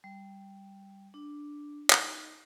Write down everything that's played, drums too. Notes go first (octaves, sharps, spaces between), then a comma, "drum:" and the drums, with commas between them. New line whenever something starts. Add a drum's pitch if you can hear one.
G3
D4
D#4, drum: clap